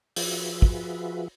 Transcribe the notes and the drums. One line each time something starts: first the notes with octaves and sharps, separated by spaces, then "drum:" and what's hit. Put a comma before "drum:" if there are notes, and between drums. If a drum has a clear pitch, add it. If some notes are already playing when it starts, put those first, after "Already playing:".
F3 F4 F#4 G#4 B4 E5, drum: open hi-hat
drum: kick